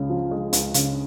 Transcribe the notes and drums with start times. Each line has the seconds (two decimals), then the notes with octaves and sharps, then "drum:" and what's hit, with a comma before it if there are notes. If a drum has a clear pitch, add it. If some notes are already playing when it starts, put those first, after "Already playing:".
Already playing: C#2 C#3 G#3
0.10 F3
0.31 G#3
0.53 C#2, drum: hi-hat
0.74 C#3, drum: hi-hat